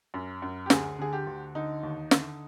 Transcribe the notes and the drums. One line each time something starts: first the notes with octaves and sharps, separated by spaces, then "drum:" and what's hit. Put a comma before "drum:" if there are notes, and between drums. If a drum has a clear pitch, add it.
F#2
F#2
G4
D2 G#4, drum: snare
D3 G#4
G4
D2
D3 D#4
D#2
D3, drum: snare